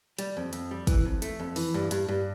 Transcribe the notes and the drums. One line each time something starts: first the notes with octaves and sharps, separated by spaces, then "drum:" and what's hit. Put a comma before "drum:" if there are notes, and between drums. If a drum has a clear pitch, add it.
G3, drum: hi-hat
F2
F2, drum: hi-hat
G3
E3, drum: kick, hi-hat
F2
A3, drum: hi-hat
F2
E3, drum: open hi-hat
G2
G2, drum: hi-hat
G2